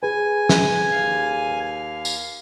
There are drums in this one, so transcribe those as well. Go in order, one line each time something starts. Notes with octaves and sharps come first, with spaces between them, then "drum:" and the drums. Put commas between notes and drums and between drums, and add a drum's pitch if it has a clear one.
G#4 B4 G#5
drum: snare
D#2 F5
drum: tambourine